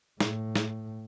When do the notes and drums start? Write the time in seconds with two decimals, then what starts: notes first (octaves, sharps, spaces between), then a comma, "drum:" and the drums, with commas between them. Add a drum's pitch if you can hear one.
0.20 A2, drum: snare
0.56 drum: snare